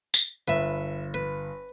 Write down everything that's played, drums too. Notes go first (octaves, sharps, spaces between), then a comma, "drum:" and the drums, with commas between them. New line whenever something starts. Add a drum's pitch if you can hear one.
drum: tambourine
G1 B4 E5
B4